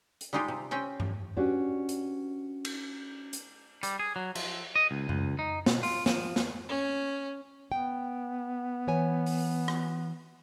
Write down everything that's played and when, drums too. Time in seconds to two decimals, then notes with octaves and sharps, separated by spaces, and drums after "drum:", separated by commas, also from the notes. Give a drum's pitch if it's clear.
0.21 drum: hi-hat
0.33 G3 G#3 D#4 F4 G4
0.48 C3
0.71 C4 C#4 G5
1.00 drum: tom G2
1.36 C#4 D4 F#4 G4 B4 D5
1.89 drum: hi-hat
2.65 drum: cymbal
3.33 drum: hi-hat
3.83 G3, drum: hi-hat
3.99 G#4
4.16 F#3
4.35 F3, drum: cymbal
4.76 D#5
4.91 C#2
5.09 C#2, drum: tom F#2
5.39 D#4
5.66 B2, drum: snare
5.83 F4, drum: open hi-hat
6.06 F3, drum: snare
6.36 drum: snare
6.68 C#4
7.72 B3 G5
8.87 E3 C#5 G#5
9.26 drum: open hi-hat
9.68 drum: rim click